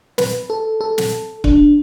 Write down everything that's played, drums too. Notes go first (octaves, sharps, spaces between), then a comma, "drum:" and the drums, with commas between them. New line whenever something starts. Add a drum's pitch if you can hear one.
B4, drum: snare
A4
A4
drum: snare
D4, drum: kick